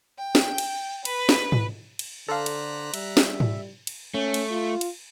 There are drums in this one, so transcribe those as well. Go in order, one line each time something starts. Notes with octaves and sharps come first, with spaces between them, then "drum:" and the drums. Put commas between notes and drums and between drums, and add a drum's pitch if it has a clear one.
G5
drum: snare
drum: cymbal
B4, drum: cymbal
drum: snare
drum: tom G#2
drum: cymbal
D3 A4 C5 D5 F5 A#5 F#6 B6
drum: cymbal
G3 E5, drum: cymbal
drum: snare
drum: tom G#2
drum: cymbal
A3 C#4
drum: cymbal
F4
drum: cymbal